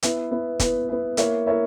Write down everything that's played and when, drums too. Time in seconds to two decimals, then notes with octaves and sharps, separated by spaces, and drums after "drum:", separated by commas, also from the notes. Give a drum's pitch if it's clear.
0.03 B3 E4 B4, drum: hi-hat
0.31 B3 E4 B4
0.60 B3 E4 B4, drum: kick, hi-hat
0.89 B3 E4 B4
1.17 A#3 E4 A#4 C#5 E5, drum: hi-hat
1.46 A#3 E4 A#4 C#5 E5